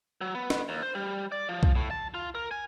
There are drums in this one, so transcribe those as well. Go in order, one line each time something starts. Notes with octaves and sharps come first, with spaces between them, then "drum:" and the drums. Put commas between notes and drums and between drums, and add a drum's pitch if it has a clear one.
F#3
B3
drum: snare
D#2
C5
G3
D5
F3
drum: kick B1
A2
A5
F4
A#4
G#5